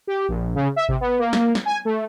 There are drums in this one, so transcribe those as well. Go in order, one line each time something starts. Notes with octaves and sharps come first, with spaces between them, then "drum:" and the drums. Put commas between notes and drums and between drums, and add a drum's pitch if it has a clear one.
G4
A#1
C#3
E5
C3, drum: kick G#1
B3
A#3
drum: snare
drum: snare
G#5
A3